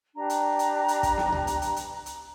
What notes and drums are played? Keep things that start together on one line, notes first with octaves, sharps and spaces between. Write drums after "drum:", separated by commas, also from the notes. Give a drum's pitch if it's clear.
D4 G4 B4 A#5
drum: hi-hat
drum: hi-hat
drum: hi-hat
drum: kick, hi-hat
drum: snare
drum: tom C#2
drum: hi-hat
drum: hi-hat
drum: hi-hat
drum: hi-hat